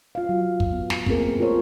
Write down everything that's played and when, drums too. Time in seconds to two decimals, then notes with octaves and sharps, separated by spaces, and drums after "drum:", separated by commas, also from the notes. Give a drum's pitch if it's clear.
0.15 F4 F5
0.29 F#3
0.60 drum: kick
0.73 B3
0.90 drum: snare
1.06 A3 A#3 C4 C#4 G#4 A#4, drum: kick
1.39 A3 F4 A4 A#4 C5 C#5